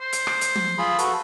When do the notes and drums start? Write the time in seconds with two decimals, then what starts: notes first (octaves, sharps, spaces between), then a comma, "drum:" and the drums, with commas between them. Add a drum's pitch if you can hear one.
0.01 C5
0.13 drum: hi-hat
0.27 drum: rim click
0.41 drum: hi-hat
0.56 drum: tom
0.78 F4 G#4 B5
0.99 F#4 A4 B4, drum: hi-hat